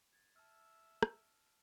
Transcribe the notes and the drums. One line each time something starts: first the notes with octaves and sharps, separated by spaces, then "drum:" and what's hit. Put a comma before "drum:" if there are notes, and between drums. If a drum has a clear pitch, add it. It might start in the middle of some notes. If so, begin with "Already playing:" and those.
G#6 A6
E5 A5 E6 F6
drum: rim click